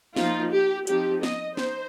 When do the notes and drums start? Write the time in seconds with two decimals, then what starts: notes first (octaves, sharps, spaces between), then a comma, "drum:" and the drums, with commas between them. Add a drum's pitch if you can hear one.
0.16 F3 A#3 D#4 F4, drum: snare
0.52 G4
0.87 F3 C4 D#4 G4, drum: hi-hat
1.23 D#5, drum: snare
1.57 D#4 C5, drum: snare